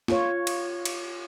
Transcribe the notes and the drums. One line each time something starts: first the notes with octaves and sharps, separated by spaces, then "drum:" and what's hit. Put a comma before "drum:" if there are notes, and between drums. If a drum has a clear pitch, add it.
F4 C#5, drum: snare
drum: cymbal
drum: cymbal